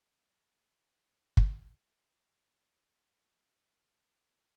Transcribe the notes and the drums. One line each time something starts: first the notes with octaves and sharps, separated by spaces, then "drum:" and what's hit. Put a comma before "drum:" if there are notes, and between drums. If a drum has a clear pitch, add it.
D2 C4 F#4 C5 E5 F#5
A#3 A4 C5
drum: kick
B4
G5
E4
A#4
A4
C5
B4
A#3
E5
B5
A4
F4